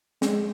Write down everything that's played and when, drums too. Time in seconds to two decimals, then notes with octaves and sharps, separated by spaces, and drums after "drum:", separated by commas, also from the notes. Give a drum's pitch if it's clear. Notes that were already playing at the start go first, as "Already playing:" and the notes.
0.22 G#3, drum: snare